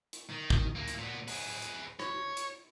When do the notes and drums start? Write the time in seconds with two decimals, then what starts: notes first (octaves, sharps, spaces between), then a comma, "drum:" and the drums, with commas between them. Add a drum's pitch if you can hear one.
0.13 drum: hi-hat
0.30 D#3
0.50 drum: kick
0.75 E3 A#3
0.88 drum: hi-hat
0.98 A#2 B3
1.28 G#4 B4, drum: open hi-hat
1.62 drum: hi-hat
2.00 C#5, drum: rim click
2.37 drum: hi-hat